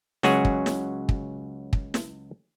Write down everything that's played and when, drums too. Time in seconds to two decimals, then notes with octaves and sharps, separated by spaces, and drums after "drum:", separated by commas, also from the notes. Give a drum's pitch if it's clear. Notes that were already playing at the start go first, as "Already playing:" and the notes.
0.23 C#2 F#3 C#4 F#4 G#4, drum: snare
0.45 drum: kick
0.66 drum: snare
1.09 drum: kick
1.73 drum: kick
1.94 drum: snare